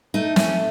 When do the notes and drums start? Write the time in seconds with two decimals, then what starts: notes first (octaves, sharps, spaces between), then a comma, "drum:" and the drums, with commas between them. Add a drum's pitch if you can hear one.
0.14 A3 D#4
0.36 A3 C#4, drum: snare